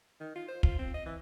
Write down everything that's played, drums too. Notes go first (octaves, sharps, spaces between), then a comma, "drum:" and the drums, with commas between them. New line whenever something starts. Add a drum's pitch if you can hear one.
D#3
F4
C5
F4, drum: kick
C4
D#5
E3